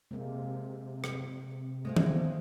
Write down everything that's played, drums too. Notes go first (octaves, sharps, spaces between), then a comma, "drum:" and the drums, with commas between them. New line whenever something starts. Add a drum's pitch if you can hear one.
C3 G#3 A#3
drum: rim click
G#3 A3 C4 F4
drum: tom D#3